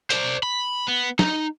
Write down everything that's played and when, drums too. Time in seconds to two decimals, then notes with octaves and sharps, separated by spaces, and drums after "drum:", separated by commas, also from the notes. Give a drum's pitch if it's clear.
0.10 C5 D5, drum: hi-hat
0.43 B5
0.88 B3
1.19 D#4, drum: snare